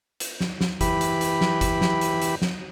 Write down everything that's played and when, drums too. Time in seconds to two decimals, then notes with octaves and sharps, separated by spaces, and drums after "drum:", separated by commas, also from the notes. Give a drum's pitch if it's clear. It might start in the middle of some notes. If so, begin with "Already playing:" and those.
0.20 drum: hi-hat
0.41 drum: snare
0.61 drum: snare
0.81 E3 G4 B5, drum: kick G1, hi-hat
1.01 drum: hi-hat
1.21 drum: hi-hat
1.41 drum: snare
1.61 drum: kick G1, hi-hat
1.81 drum: snare
2.01 drum: hi-hat
2.22 drum: hi-hat
2.42 drum: snare